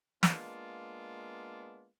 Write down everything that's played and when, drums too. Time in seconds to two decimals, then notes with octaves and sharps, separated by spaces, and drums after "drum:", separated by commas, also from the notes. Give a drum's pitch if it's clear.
0.23 G#3 A#3 B3 D4 F4, drum: snare